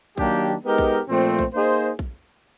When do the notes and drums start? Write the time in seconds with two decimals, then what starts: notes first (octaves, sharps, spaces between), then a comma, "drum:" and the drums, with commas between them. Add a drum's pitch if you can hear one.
0.18 D#3 F#3 A#3 D4 G4, drum: kick A#1
0.63 G#3 B3 D#4 G4 A#4
0.78 drum: kick A#1
1.08 A#2 F3 A3 C4
1.39 drum: kick A#1
1.54 A#3 D#4 G#4 C5
1.99 drum: kick A#1